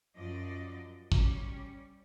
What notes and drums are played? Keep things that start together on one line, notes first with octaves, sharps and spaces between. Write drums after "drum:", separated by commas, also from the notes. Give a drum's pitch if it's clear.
F#2 F3 D5 D#5
G3 C#4, drum: kick